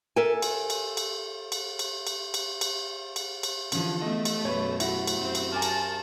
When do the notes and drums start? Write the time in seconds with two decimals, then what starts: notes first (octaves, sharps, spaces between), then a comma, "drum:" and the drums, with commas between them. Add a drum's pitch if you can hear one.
0.16 A4 A#4 E5 G#5
0.42 drum: cymbal
0.70 drum: cymbal
0.97 drum: cymbal
1.52 drum: cymbal
1.79 drum: cymbal
2.07 drum: cymbal
2.34 drum: cymbal
2.61 drum: cymbal
3.16 drum: cymbal
3.43 drum: cymbal
3.72 D3 E3 F3 C#4, drum: cymbal
4.01 A3 B3 D#5
4.25 drum: cymbal
4.45 F#2 B2 B4 C#5
4.80 E4 F#4, drum: cymbal
5.07 drum: cymbal
5.21 F#2 C4
5.35 drum: cymbal
5.52 A#4 G#5 A5 D6 F6
5.62 drum: cymbal